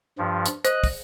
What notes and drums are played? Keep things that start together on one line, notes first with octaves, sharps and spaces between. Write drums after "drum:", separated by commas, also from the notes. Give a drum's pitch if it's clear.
G2 F3
drum: hi-hat
C5 D#5 F#6, drum: hi-hat
drum: kick, open hi-hat